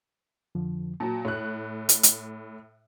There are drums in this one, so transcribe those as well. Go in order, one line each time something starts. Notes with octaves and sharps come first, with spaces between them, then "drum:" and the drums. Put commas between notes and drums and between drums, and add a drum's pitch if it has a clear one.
F2 D3 F3
A#2 F#3 A5 A#5
A2 C#5 F#6
drum: hi-hat
drum: hi-hat